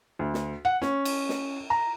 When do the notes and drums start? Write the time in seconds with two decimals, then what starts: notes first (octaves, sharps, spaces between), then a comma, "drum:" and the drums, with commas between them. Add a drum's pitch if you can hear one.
0.19 D2
0.34 drum: snare
0.65 F#5
0.82 C#4, drum: snare
1.05 drum: cymbal
1.29 drum: snare
1.70 A#5